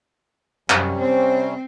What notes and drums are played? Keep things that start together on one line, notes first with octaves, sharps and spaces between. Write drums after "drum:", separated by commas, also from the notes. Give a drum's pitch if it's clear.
F#2 C3 G3 C#4, drum: clap
C4 C5